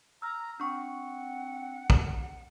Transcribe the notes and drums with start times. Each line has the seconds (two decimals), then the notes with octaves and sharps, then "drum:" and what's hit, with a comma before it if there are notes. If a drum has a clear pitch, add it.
0.22 A#5 E6 F6
0.60 C4 D4 F#5 C#6
1.90 drum: kick